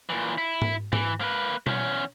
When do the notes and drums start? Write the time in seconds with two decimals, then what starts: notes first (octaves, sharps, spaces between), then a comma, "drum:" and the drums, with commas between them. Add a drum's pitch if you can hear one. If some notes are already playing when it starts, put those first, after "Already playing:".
0.09 A#2 E3
0.38 E4
0.62 drum: tom G#2
0.93 E3, drum: tom G#2
1.21 A#3 B4
1.67 E2 C#4, drum: tom B2